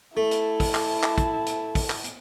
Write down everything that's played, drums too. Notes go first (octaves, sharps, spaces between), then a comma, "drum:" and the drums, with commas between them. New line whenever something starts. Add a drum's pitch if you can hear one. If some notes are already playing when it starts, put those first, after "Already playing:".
A3 E4 A5
drum: hi-hat
drum: kick, open hi-hat
drum: clap
drum: clap
drum: kick, hi-hat
drum: hi-hat
drum: kick, open hi-hat
drum: clap
drum: hi-hat